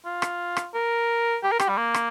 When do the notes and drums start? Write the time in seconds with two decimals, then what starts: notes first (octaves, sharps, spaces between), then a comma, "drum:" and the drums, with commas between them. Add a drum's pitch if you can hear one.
0.05 F4
0.22 drum: rim click
0.57 drum: rim click
0.74 A#4
1.43 G4
1.52 A#4
1.59 G4, drum: rim click
1.68 G3
1.78 A#3
1.94 drum: rim click